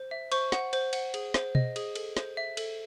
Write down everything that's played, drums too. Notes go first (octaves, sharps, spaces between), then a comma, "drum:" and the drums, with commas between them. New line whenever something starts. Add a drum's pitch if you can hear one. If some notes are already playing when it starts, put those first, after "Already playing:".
Already playing: C5
E5
C5 C#6, drum: cymbal
F#5, drum: snare
C5, drum: cymbal
F#5, drum: cymbal
G#4, drum: cymbal
C5, drum: snare
D#5, drum: tom B2
G#4, drum: cymbal
A4, drum: cymbal
C5, drum: snare
E5
A4, drum: cymbal